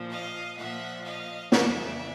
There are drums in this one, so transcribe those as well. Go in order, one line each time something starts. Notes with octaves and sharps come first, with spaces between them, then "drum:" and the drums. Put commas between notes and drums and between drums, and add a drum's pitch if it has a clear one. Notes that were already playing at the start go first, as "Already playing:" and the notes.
Already playing: A#2 F3
D#5 F5
A#2 F3 E5 F#5
D#5 F5
F2 C#3 E3 D5 E5, drum: snare